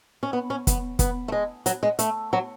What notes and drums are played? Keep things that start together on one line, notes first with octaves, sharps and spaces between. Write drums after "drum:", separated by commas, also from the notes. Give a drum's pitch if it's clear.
C#4
B3
C#4
B3, drum: kick, hi-hat
B3, drum: kick, hi-hat
A3
G#3
F#3, drum: hi-hat
G#3
A3, drum: hi-hat
F#3